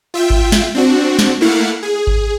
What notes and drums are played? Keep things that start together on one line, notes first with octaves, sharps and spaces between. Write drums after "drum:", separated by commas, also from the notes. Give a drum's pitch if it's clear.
F4 E5 G5
drum: kick G#1
drum: snare
C4 D4 F#4
drum: snare
A3 A#3 E4 F5 F#5
G#4
drum: kick G#1